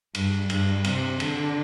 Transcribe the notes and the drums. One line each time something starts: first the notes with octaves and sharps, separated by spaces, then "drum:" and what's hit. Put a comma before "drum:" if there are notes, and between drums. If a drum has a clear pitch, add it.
G2, drum: cymbal
G2, drum: cymbal
C3, drum: cymbal
D3, drum: cymbal